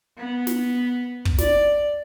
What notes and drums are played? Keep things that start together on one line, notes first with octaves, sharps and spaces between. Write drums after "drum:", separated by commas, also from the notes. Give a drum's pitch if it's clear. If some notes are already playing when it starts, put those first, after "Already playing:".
B3
drum: snare
drum: kick
D5, drum: snare